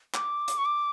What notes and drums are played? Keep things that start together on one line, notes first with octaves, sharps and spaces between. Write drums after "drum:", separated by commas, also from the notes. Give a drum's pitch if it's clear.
D6, drum: clap
drum: hi-hat
C#6
D6